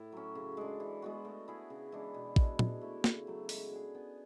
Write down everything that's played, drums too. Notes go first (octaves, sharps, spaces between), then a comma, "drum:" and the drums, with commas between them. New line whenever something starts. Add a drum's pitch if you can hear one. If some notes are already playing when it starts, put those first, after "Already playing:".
Already playing: A2 E4
F#3 C#4
C#3
G#3 D4
E3
G#3 B3 F#4
A3
E4 G#4
C#3
E3 G#3 D4
B2
G#3 D4, drum: kick
E3, drum: tom A#2
A3 E4
C#3, drum: snare
F#3 A3
G#3, drum: open hi-hat
D4 G#4
B3